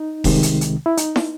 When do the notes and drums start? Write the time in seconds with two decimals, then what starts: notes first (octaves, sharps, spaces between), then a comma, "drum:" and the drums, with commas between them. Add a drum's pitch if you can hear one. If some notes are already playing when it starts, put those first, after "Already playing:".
Already playing: D#4
0.24 C2 C3 D#3 G#3, drum: kick E1, open hi-hat
0.43 drum: hi-hat
0.61 drum: hi-hat
0.86 E4
0.97 D#4, drum: hi-hat
1.16 drum: snare